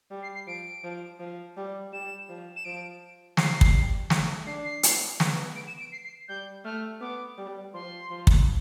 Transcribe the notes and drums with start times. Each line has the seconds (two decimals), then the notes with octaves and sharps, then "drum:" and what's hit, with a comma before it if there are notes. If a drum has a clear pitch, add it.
0.10 G3
0.23 C7
0.35 C7
0.47 F3 D7
0.84 F3
1.20 F3
1.57 G3
1.92 G3 E7
2.29 F3
2.56 E7
2.65 F3 D7
3.37 F3 C7, drum: snare
3.61 drum: kick
3.74 G3
4.10 A3, drum: snare
4.47 D4 C7
4.65 C7
4.83 B3, drum: hi-hat
5.20 B3, drum: snare
5.56 D7
5.67 E7
5.80 D7
5.92 C7
6.04 C7
6.28 G3 G6
6.64 A3 F6
7.01 B3 D6
7.38 G3
7.74 F3 C6
8.10 F3
8.27 drum: kick